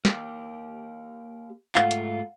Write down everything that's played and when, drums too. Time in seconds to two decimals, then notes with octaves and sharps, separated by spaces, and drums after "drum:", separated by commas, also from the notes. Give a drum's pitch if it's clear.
0.05 A#3 G4 A#4, drum: snare
1.75 G#2 A3 F4 F5 F#5, drum: clap
1.91 drum: hi-hat